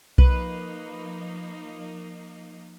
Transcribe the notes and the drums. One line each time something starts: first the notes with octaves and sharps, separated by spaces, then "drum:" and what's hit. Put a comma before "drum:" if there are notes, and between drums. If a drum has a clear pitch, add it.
F3 A#3 D#4 B4, drum: kick B1